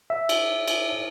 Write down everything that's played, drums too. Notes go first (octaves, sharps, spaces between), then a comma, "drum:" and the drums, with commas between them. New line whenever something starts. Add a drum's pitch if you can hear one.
E5
drum: cymbal
drum: cymbal